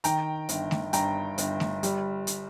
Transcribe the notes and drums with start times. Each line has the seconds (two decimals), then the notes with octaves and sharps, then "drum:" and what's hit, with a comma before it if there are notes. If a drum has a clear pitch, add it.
0.04 D#3 G5 A#5, drum: hi-hat
0.49 G1, drum: hi-hat
0.71 drum: snare A3
0.93 G2 G5 A#5, drum: hi-hat
1.38 G1, drum: hi-hat
1.60 drum: snare A3
1.83 G3, drum: hi-hat
2.27 drum: hi-hat